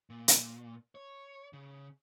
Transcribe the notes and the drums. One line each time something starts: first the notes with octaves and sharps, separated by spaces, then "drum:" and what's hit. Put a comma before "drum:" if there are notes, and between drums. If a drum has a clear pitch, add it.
A#2
drum: hi-hat
C#5
C#3